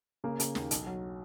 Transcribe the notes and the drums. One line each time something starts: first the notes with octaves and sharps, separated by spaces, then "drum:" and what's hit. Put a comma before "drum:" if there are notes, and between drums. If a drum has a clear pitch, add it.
C#3 A#3
C#3, drum: hi-hat
D#2, drum: snare
B1, drum: hi-hat
F#3